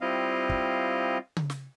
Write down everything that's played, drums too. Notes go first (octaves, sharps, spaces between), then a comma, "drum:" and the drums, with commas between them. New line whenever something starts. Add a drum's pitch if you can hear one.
G3 C4 E4 F4 D#5 F5
drum: kick
drum: tom C#3
drum: snare